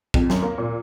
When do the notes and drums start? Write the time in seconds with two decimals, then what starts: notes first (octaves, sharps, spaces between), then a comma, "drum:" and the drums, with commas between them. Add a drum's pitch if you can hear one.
0.14 F2, drum: kick A#1
0.30 F#2, drum: snare
0.42 A#3
0.58 A#2